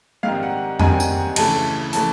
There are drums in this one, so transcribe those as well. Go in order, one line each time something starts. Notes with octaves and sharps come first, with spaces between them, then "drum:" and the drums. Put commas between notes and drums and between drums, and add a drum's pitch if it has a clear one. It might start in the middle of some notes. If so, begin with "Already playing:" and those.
G#2 D#3 G3 C4 D#4 F5
F#5
G#2 D#3 G3 C4 D#4 G#5, drum: tom F2
drum: tambourine
D2 C#3 E3 A3 A5, drum: cymbal
C#3 E3 A3 A5, drum: hi-hat